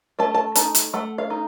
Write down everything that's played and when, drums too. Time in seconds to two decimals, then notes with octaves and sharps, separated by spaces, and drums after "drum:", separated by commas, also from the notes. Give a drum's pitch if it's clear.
0.19 A3 A5
0.35 A5
0.55 D#4 A5, drum: hi-hat
0.75 drum: hi-hat
0.94 A3 F#5
1.18 F5
1.30 D#4